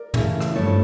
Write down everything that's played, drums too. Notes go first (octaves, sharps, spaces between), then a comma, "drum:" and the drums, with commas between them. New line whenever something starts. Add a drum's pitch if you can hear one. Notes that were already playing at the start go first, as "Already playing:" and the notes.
Already playing: A#4 D5
C#3 E3 A3 C#4, drum: tom
drum: rim click
G2 F3 A3 A4 C#5